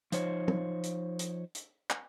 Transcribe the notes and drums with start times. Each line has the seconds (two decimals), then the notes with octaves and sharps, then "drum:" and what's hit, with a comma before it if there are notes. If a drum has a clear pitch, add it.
0.12 F3 D#4 C5 C#5, drum: hi-hat
0.48 drum: tom
0.83 drum: hi-hat
1.19 drum: hi-hat
1.55 drum: hi-hat
1.90 drum: clap